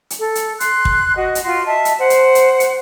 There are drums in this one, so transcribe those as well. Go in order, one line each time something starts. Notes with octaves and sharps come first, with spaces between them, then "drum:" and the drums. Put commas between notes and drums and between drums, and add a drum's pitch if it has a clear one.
drum: hi-hat
A4
drum: hi-hat
C6 F#6, drum: hi-hat
drum: kick
F#4 D#5
drum: hi-hat
F4 F#4 C6
D#5 E5 A5
drum: hi-hat
C5 F#5
drum: hi-hat
drum: hi-hat
drum: hi-hat